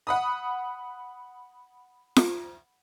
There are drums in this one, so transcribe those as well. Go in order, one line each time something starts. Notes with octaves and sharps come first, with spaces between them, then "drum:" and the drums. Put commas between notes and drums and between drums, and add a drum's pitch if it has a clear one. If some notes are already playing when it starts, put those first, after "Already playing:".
F#5 B5 D#6
drum: snare F4